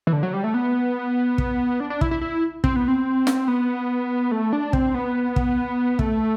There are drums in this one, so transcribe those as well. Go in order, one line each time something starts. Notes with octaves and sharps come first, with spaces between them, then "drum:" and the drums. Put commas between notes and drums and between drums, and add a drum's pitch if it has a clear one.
E3
D3
F#3
G3
A3
B3
drum: kick
D4
D4
E4, drum: kick
E4
E4
C4, drum: kick
B3
C4
drum: snare
B3
A3
D4
C4, drum: kick
B3
drum: kick
A3, drum: kick